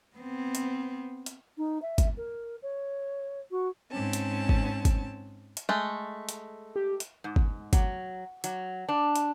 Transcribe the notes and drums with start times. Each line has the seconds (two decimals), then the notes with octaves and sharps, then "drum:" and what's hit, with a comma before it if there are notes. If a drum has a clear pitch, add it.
0.16 B3 C4
0.55 drum: hi-hat
1.26 drum: hi-hat
1.57 D#4
1.82 E5
1.98 drum: kick, hi-hat
2.17 A#4
2.62 C#5
3.51 F#4
3.91 G#2 C4 C#4 A5
4.13 drum: hi-hat
4.49 drum: kick
4.85 drum: kick, hi-hat
5.57 drum: hi-hat
5.69 G#3 A3
6.29 drum: hi-hat
6.76 G4
7.00 drum: hi-hat
7.24 G#2
7.36 drum: kick
7.73 F#3, drum: kick, hi-hat
8.44 F#3, drum: hi-hat
8.89 D4
9.16 drum: hi-hat